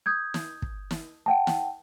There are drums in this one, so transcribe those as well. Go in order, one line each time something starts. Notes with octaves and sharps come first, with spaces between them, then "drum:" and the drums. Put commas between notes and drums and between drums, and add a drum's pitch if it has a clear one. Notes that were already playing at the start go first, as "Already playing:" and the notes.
D#6 G6 G#6
drum: snare
drum: kick
drum: snare
F#5 G5 A5
drum: snare